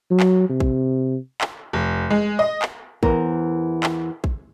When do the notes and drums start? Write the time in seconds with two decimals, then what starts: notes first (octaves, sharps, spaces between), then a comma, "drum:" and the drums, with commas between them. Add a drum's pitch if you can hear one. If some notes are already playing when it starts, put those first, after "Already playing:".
0.11 F#3
0.20 drum: clap
0.49 C3
0.60 drum: kick
1.41 drum: clap
1.73 F1
2.10 G#3
2.39 D#5
2.62 drum: clap
3.03 E2 E3 A#4 C5, drum: kick
3.83 drum: clap
4.24 drum: kick